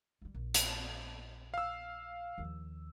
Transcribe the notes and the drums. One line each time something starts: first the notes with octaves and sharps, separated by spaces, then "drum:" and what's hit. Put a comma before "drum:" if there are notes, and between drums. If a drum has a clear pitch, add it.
F#3 G3
A#1
drum: hi-hat
F5 E6
D#2 F3